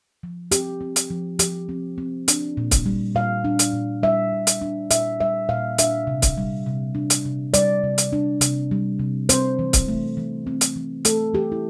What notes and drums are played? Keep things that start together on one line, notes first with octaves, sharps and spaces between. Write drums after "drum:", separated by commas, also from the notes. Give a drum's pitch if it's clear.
F3
C4 G4, drum: hi-hat
C4
drum: hi-hat
F3
F3 G4, drum: hi-hat
C4
C4
D4, drum: hi-hat
A#2
drum: kick C#1, hi-hat
G3
A#2 F5
D4
drum: hi-hat
A#2
G3 E5
A#2
drum: hi-hat
D4
A#2 E5, drum: hi-hat
G3 E5
A#2 F5
D4 E5, drum: hi-hat
C3
drum: kick C#1, hi-hat
G3
C3
D4
drum: hi-hat
C3
G3 D5, drum: hi-hat
C3
drum: hi-hat
D4
C3, drum: hi-hat
G3
C3
C4 C5, drum: hi-hat
E3
drum: kick C#1, hi-hat
A3
E3
C4
drum: hi-hat
E3
A3 A4, drum: hi-hat
E3 G4
E4